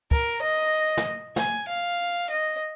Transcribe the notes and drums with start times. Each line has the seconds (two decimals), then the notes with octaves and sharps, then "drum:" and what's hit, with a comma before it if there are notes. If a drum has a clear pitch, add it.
0.11 A#4, drum: kick
0.42 D#5
0.97 drum: snare
1.36 G#5, drum: snare
1.68 F5
2.30 D#5